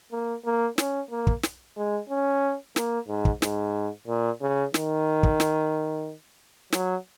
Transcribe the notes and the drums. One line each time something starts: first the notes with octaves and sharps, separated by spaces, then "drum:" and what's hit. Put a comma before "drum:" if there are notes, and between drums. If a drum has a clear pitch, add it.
A#3
A#3
C#4, drum: snare
A#3
drum: kick
drum: snare
G#3
C#4
A#3, drum: snare
G#2
drum: kick
G#2, drum: snare
A#2
C#3
D#3, drum: snare
drum: kick
drum: snare
F#3, drum: snare